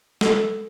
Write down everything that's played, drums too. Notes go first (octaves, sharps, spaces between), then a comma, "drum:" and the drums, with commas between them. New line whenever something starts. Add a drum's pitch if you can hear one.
A4, drum: snare